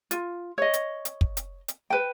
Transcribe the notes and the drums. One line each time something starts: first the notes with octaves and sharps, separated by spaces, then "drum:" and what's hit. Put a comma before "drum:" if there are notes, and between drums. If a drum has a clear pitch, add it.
F4, drum: hi-hat
C#5 D#5
drum: hi-hat
drum: hi-hat
drum: kick
drum: hi-hat
drum: hi-hat
B4 G5